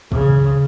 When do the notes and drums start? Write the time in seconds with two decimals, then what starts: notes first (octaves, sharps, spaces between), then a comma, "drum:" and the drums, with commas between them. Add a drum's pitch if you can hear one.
0.12 C#3, drum: kick